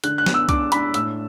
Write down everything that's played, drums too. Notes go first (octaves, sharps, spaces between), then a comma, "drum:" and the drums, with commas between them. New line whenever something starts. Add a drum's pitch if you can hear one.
D3 F#6, drum: hi-hat
F#6
B3, drum: snare
E6
D4 D6, drum: kick, hi-hat
D4 B5, drum: hi-hat
A2 E6, drum: hi-hat